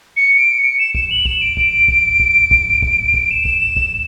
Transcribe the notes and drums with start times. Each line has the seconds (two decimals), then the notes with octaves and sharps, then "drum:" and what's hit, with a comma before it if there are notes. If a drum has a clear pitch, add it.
0.16 C#7
0.37 D7
0.58 C#7
0.79 E7
0.95 E7, drum: kick
1.10 F#7
1.25 E7, drum: kick
1.41 D7
1.57 drum: kick
1.88 drum: kick
2.20 drum: kick
2.51 drum: kick
2.82 drum: kick
3.14 drum: kick
3.30 E7
3.45 drum: kick
3.77 drum: kick